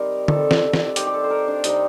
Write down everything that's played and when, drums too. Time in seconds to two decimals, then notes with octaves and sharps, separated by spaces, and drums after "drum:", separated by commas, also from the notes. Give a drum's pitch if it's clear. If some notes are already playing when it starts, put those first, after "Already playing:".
Already playing: D#3 G3 C4 A#4
0.28 D#3 G3 C4 A4, drum: tom D3
0.51 drum: snare
0.73 drum: snare
0.96 D#3 G3 C4 G4, drum: hi-hat
1.07 G4
1.14 A4
1.24 C5
1.30 A#4
1.48 D4
1.64 C3 G3 C4 D#4, drum: hi-hat